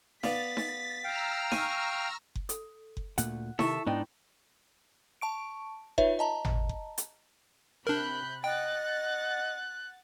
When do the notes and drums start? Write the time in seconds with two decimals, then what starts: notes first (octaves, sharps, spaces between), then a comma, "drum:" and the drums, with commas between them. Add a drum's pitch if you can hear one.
0.23 B3 D5 F5 A6 B6, drum: snare D#4
0.57 drum: snare D#4
1.04 F5 G5 A#5 E6 F6
1.52 G#5 C#6, drum: snare D#4
2.35 drum: kick F#1
2.49 A4, drum: hi-hat
2.97 drum: kick F#1
3.18 D2 A#2 A3 F#5, drum: hi-hat
3.59 C3 D#3 E4 A4 E5 C#6, drum: snare D#4
3.87 G#2 B3 D4 D#4 D#5 G5
5.21 A5 C#6 D7
5.98 D#4 F4 B4 C#5 E5, drum: kick F#1
6.19 D#5 A5 A#5
6.45 drum: tom G#1
6.69 drum: kick F#1
6.98 drum: hi-hat
7.87 C3 D4 A#4 B5 F#6 G6
8.44 D#5 F#5 G5 F#6 A6